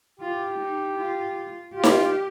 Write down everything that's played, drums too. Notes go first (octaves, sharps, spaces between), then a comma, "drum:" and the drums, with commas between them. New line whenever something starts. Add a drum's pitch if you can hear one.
F4 G4
D#4
F4
F4 G4
drum: snare D#4